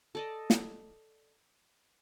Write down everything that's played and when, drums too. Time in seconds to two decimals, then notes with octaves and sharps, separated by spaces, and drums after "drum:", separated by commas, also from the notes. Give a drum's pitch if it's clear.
0.15 A4 D5 D#5
0.50 drum: snare